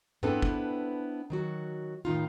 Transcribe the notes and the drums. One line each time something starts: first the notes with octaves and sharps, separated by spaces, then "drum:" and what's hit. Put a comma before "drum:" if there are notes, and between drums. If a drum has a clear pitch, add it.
B3 C4 D4 E4 A4 B4, drum: tom G#2
drum: kick
D#3 F#3 F#4
A2 D#3 D#4 F4